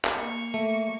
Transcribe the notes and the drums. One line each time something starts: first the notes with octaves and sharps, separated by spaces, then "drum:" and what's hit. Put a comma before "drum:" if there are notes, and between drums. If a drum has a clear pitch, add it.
drum: clap
A#3 C#6
A3